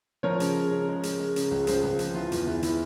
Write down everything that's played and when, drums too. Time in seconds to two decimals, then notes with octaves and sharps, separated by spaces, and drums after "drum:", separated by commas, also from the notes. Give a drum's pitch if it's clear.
0.23 F3 A#4 C#5
0.40 C#3, drum: hi-hat
0.55 G#3
0.71 C#3
0.88 G#3
1.03 G#3, drum: hi-hat
1.20 G#3
1.36 C#3, drum: hi-hat
1.51 C#2
1.67 C#2 G#4 C5, drum: hi-hat
1.83 C#2
1.99 F3, drum: hi-hat
2.15 E3 F4
2.32 E2, drum: hi-hat
2.47 E3
2.63 E3 E4, drum: hi-hat